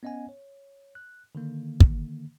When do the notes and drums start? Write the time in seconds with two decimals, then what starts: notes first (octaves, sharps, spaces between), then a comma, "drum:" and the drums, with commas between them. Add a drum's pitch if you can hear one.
0.03 B3 C#4 D#5 F#5 G#5
0.29 C#5
0.95 F#6
1.35 D3 D#3 A#3
1.81 drum: kick